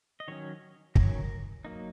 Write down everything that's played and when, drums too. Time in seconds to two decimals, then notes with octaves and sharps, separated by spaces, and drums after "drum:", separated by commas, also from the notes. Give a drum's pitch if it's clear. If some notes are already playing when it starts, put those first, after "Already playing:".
0.20 D#5
0.28 D#3 F#3 C#4 C#5
0.95 D#3 F#3 C#4 A#4, drum: kick
1.65 F#3 A#3 D#4